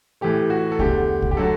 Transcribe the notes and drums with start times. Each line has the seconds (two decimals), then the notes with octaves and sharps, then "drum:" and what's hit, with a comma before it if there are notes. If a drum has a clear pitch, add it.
0.21 A2 E3 A3 G4
0.50 F#4
0.72 A4
0.79 E2 D3 A3 G4, drum: kick C2
1.22 drum: kick C2
1.31 G4
1.37 D3 F#3 A3 A4